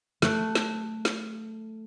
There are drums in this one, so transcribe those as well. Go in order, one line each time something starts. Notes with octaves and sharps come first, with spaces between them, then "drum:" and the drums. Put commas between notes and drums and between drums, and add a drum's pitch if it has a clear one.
A3 F#6 D7, drum: snare
drum: snare
drum: snare